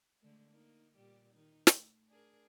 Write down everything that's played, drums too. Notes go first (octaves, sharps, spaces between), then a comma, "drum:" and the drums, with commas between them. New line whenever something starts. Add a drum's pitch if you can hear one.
D3 G#3 A3
A#3 D#4
A#2 G3 G4
D#3 D#4
A3, drum: snare
D4 G#4 A#4